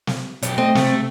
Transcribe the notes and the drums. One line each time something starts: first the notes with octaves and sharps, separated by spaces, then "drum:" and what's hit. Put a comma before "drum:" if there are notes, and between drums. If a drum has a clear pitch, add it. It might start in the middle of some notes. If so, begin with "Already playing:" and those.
drum: snare
B1 G4, drum: hi-hat
A3 C4 D#5
C3 A3, drum: snare